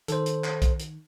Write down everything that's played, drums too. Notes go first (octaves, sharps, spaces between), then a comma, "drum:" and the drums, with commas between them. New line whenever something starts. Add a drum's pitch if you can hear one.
D#3 A4 C5, drum: hi-hat
drum: hi-hat
drum: clap
drum: kick, hi-hat
drum: hi-hat